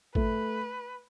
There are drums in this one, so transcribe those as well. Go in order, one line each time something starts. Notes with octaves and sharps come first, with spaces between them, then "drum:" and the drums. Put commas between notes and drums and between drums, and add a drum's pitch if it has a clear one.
A3 B4, drum: kick